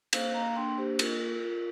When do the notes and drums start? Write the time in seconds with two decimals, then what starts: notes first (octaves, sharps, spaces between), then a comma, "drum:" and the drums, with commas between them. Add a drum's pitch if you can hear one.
0.13 A#3 C5 F5, drum: cymbal
0.34 A#3 F5 A#5
0.56 D4 G5 C6
0.77 A#3 G4 C5
0.99 F4 A#4, drum: cymbal
1.21 F4
1.43 F4